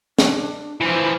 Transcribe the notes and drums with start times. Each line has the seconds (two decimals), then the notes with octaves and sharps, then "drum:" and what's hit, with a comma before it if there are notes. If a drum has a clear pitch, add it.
0.19 D4, drum: snare
0.81 E3 F3 C5